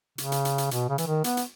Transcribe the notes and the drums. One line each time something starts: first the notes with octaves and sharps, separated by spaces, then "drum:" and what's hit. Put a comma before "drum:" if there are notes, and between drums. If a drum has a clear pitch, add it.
C#3, drum: hi-hat
drum: hi-hat
drum: hi-hat
drum: hi-hat
B2, drum: hi-hat
C#3
E3, drum: hi-hat
D#3
B3, drum: hi-hat
drum: hi-hat